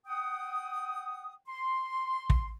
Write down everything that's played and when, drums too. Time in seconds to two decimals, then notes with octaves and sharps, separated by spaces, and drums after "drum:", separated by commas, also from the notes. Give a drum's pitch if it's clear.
0.06 F#5 G5 D#6
1.48 C6
2.30 drum: kick